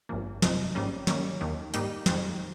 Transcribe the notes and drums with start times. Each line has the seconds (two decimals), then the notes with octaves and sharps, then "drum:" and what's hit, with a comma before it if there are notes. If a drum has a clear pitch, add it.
0.09 G#1 G2 F3 A#3
0.42 F2 C3 F3 C4 D#4, drum: snare
0.75 G#1 G#2 G3 A#3 C#4
1.07 D#3 G3 A#3 C#4, drum: snare
1.41 D#2 D#3 A#3
1.74 G#2 G3 A#3 D#4 G4, drum: hi-hat
2.06 F2 D#3 G#3 C4, drum: snare